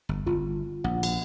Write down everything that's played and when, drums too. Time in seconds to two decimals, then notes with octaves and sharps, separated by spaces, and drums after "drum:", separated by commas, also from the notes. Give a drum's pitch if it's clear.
0.09 G1
0.26 G1 F4
0.84 A#1 F#5
1.03 drum: cymbal